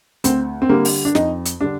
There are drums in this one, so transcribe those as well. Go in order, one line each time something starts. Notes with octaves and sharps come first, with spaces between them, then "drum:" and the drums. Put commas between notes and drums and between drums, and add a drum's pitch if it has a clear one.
D2 C4, drum: hi-hat
C4
D3 G3 A#3
drum: open hi-hat
D4
F2 D#4, drum: snare
drum: hi-hat
D3 G3 D4